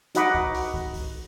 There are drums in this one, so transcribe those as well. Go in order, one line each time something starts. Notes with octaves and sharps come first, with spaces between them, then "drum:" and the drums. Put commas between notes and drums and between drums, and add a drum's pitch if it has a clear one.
D#4 F#4 D#5 F#5 B5 D6, drum: hi-hat
drum: kick
drum: open hi-hat
drum: kick
drum: kick, open hi-hat